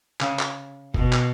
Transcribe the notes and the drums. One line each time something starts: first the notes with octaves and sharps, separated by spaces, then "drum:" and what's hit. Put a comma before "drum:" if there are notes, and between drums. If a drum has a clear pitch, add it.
C#3, drum: clap
drum: clap
B2, drum: kick G1
drum: clap